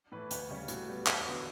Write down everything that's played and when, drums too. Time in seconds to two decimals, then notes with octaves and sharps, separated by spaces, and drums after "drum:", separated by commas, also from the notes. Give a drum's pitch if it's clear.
0.12 A2 E3 A3 B4
0.31 D2 B4, drum: hi-hat
0.49 C#3 G3 C#4 G4
0.68 A2 F#4, drum: hi-hat
0.88 G3 B3
1.07 E2, drum: clap
1.25 D3 F#3 B3